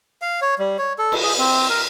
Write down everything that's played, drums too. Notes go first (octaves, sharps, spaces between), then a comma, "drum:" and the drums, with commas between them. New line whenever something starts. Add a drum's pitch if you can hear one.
F5
C#5
G3
C#5
A4
drum: cymbal
G#4
C4
A#4